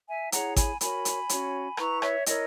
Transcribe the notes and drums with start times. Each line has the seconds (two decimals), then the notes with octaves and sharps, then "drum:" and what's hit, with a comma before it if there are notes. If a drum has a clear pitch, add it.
0.08 E5 G#5
0.32 E4 G#4 C#5 F#5 A#5, drum: hi-hat
0.56 G#5 B5, drum: kick G#1, hi-hat
0.81 F#4 A#4 C#5 G#5 B5, drum: hi-hat
1.05 drum: hi-hat
1.29 C#4 F#4 C#5, drum: hi-hat
1.77 E4 B4 A#5 C#6, drum: rim click
2.02 C#5 E5, drum: rim click
2.26 E4 A#4 C#5 D#5, drum: hi-hat